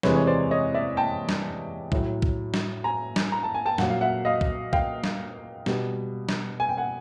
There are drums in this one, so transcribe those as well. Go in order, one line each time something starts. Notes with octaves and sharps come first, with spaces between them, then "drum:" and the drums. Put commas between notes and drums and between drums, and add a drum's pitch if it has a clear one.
E2 C3 E3 G#3 B4 C#5, drum: snare
C#5
C5 D5
C#5 D#5
D5 E5
G5 A5
drum: snare
A2 F#3, drum: kick B1
drum: kick B1
drum: snare
G#5 A#5
drum: snare
A#5
A5
G#5
G5 A5
A#2 F#3 F#5, drum: snare
F5
E5 F#5
D#5 F5
drum: kick B1
F5 G5, drum: kick B1
drum: snare
B2 G3, drum: snare
drum: snare
G#5
G5
F#5 G#5